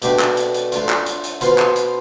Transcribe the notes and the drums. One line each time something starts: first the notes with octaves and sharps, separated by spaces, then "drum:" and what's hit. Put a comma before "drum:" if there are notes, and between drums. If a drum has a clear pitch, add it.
B2 A3 D4 G4, drum: hi-hat
drum: clap
drum: hi-hat
drum: hi-hat
A3 D4 F4, drum: hi-hat
drum: clap
drum: hi-hat
drum: hi-hat
B2 B3 F4 C5 F5, drum: hi-hat
drum: clap
drum: hi-hat